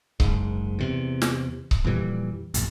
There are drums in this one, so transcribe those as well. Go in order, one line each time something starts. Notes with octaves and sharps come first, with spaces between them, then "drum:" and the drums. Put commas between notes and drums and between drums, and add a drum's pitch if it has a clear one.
F#1 G#2, drum: kick C#1
E2 C3
drum: snare
drum: kick C#1
F2 A#2 E3 G3
A1 F2, drum: hi-hat